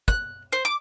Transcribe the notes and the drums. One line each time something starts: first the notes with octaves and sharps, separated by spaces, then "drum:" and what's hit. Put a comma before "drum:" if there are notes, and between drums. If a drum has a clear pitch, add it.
F#6, drum: kick
C5
D6